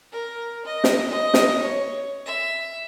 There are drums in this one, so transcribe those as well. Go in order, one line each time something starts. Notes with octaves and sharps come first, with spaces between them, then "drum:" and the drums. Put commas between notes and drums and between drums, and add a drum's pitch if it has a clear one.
A#4
D#5
drum: snare
D#5
drum: snare
C#5
E5